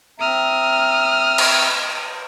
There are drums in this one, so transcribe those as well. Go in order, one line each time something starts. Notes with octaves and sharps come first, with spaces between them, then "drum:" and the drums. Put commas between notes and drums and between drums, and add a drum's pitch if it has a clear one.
C4 E5 A#5 D#6 F6
drum: cymbal